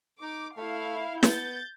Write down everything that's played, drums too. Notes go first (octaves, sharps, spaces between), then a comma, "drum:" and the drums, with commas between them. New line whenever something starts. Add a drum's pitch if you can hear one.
D#4 D6
A3 E4 F5
B3 G6 A6, drum: snare